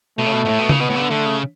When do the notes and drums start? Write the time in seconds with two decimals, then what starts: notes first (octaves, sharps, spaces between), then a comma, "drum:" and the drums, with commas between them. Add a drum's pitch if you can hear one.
0.18 B2 A3
0.26 C#3
0.32 B2
0.45 B2
0.49 A2
0.59 B2
0.69 C#3, drum: tom C#3
0.80 B2 B3
0.89 A2
0.96 C#3
1.00 D3
1.10 D3 A3
1.26 C#3